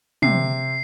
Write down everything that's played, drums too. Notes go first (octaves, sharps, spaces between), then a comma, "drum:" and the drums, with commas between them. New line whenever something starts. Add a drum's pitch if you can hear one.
C3 C7, drum: tom